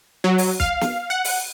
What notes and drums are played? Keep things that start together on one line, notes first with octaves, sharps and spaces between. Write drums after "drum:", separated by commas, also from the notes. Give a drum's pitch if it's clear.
F#3
drum: open hi-hat
F5, drum: kick
drum: snare
F#5
drum: open hi-hat